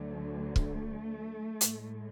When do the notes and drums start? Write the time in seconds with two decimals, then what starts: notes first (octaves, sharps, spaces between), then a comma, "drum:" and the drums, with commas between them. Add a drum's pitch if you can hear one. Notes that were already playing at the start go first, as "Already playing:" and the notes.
Already playing: D2 D3 F#3 A3
0.56 A3, drum: kick
1.61 A2 G#3, drum: hi-hat